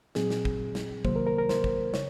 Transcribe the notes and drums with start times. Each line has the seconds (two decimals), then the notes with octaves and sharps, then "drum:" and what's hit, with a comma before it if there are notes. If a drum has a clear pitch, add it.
0.15 A#2 F#3 C4 G#4, drum: snare
0.30 drum: snare
0.45 drum: kick
0.75 drum: snare
1.05 C2 C3 D#3 F#3 A#3 C5, drum: kick
1.16 A#4
1.27 A#4
1.38 A#4
1.49 C5, drum: snare
1.64 drum: kick
1.94 C#3 C#5, drum: snare